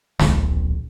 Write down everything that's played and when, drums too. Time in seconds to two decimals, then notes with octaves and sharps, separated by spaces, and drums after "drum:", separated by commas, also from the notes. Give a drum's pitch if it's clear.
0.20 D1 A#1, drum: snare